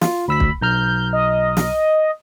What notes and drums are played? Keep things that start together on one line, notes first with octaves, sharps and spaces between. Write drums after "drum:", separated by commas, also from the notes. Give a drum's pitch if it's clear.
F4, drum: snare
D2 B5 E6 B6
drum: kick
B1 A#5 F6 G6
D#5
drum: snare